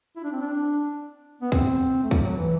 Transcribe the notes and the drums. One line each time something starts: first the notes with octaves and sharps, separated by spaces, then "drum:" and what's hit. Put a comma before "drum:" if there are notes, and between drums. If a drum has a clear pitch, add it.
E4
D4
C4
D4
B3
C4, drum: kick
A3
G3, drum: kick
F#3
E3